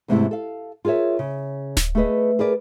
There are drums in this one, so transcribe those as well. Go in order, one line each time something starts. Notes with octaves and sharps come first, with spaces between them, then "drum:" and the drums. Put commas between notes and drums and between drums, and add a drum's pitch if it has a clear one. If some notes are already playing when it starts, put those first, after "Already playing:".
E2 G#2 C3 G#3 A3 E4
A4 F5
F4 G#4 A#4 C#5 E5
C#3
drum: snare D1
A3 G#4 B4 D#5
G#4 A#4 B4 D5